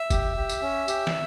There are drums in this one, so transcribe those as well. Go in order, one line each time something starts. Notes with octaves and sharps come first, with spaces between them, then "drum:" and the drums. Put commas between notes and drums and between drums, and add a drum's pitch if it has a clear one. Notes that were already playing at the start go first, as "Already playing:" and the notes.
Already playing: E5
G4, drum: kick F#1, tambourine
G4
drum: tambourine
C#4
G4, drum: tambourine
drum: snare